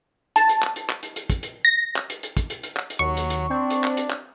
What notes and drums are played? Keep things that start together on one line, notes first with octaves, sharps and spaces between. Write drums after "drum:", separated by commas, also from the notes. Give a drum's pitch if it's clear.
A5, drum: hi-hat
drum: hi-hat
drum: clap
drum: hi-hat
drum: clap
drum: hi-hat
drum: hi-hat
drum: kick, hi-hat
drum: hi-hat
A#6
drum: clap
drum: hi-hat
drum: hi-hat
drum: kick, hi-hat
drum: hi-hat
drum: hi-hat
drum: clap
drum: hi-hat
D#2 F#3 C#6
drum: hi-hat
drum: hi-hat
C4 D4
drum: hi-hat
drum: clap
drum: hi-hat
drum: clap